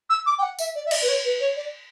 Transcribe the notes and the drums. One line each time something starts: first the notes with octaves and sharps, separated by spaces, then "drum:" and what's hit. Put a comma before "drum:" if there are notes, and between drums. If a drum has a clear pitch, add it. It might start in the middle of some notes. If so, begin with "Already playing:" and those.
E6
D6
G5
F#5
E5, drum: tambourine
D5
E5
D5, drum: cymbal
B4
C#5
B4
C#5
D5